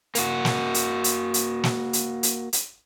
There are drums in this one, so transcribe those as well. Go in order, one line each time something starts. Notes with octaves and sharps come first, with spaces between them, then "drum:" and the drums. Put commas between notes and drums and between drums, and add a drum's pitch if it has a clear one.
A#3 F#4, drum: hi-hat
drum: snare
drum: hi-hat
drum: hi-hat
drum: hi-hat
drum: snare
drum: hi-hat
drum: hi-hat
drum: hi-hat